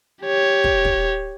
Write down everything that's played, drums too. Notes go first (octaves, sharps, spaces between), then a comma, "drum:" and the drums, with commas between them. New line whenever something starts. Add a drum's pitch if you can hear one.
G4 C#5
drum: kick
drum: kick